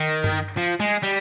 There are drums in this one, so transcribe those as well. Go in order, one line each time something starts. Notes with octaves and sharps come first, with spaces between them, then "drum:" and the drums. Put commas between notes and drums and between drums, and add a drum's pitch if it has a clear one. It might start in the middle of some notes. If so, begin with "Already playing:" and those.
Already playing: D#3
drum: tom G2
F3
G#3
G3